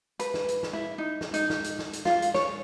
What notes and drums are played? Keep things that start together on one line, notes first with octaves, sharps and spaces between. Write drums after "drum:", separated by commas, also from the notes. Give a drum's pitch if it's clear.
B4, drum: hi-hat
drum: snare
drum: hi-hat
drum: snare
E4
D#4
drum: snare
D#4, drum: hi-hat
drum: snare
drum: hi-hat
drum: snare
drum: hi-hat
F4, drum: snare
drum: hi-hat
C#5, drum: snare